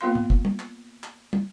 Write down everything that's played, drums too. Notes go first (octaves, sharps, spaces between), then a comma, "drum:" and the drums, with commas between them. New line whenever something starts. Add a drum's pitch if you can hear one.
A#3 B3 F4 F5 C6
drum: tom
drum: kick
drum: tom
drum: clap
drum: clap
drum: tom